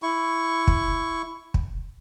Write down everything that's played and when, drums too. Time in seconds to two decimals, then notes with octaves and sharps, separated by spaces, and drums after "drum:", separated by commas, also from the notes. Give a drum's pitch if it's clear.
0.02 E4 C#6
0.67 drum: kick
1.54 drum: kick